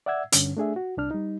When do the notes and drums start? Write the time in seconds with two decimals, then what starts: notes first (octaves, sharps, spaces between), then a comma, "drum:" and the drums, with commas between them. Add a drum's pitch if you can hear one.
0.06 D5 E5 F#5 E6 G#6
0.32 G2 D3 C#4, drum: hi-hat
0.57 A3 D4 G#4 E5
0.76 F#4
0.97 C2 D4 F6
1.11 G3 D#4